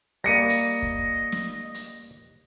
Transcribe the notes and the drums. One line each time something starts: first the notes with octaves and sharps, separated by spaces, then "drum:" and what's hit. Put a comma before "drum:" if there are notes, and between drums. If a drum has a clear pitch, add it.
G3 A#3 D#5 A#6 C#7 D#7
drum: hi-hat
drum: kick
drum: snare
drum: hi-hat